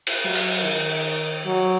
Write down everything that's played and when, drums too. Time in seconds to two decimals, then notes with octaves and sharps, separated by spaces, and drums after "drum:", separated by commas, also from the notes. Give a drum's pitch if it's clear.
0.07 drum: cymbal
0.25 F#3
0.35 drum: cymbal
0.64 D#3
1.46 F#3